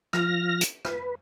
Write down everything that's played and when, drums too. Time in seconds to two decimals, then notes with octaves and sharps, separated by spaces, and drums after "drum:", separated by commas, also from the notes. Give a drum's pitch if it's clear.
0.13 F3 F6 A#6, drum: rim click
0.61 drum: hi-hat
0.85 B4, drum: rim click